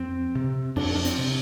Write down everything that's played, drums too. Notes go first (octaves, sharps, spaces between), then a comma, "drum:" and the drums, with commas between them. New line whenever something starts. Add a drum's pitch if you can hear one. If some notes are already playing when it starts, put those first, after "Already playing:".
Already playing: F2 C4
C3
F2 D4, drum: cymbal
D4
C4, drum: hi-hat
C3